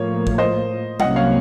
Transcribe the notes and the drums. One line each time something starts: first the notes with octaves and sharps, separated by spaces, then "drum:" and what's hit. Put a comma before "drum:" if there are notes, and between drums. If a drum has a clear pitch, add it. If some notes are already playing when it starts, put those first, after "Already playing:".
Already playing: A2 F3 A#3 C#5
drum: kick G#1
C5 D#5
C2 C3 F#3 A#3 C#4 D#5 F#5, drum: tom
C#5 F5